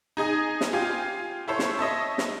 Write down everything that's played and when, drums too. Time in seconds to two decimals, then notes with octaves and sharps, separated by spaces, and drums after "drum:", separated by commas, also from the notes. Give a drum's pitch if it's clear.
0.17 D#4 G#4 D#5 G#5
0.61 drum: snare
0.73 F4 G4 F5 G#5
1.48 E4 A4 C5 C#5
1.59 drum: snare
1.79 C#5 D#5 E5 A5
2.18 drum: snare